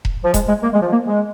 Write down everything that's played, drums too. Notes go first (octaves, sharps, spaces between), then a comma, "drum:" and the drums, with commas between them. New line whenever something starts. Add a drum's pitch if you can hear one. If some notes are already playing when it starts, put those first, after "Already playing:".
drum: kick E1
F3
G#3, drum: kick E1, hi-hat
G#3
A#3
G#3
F3
A#3
G#3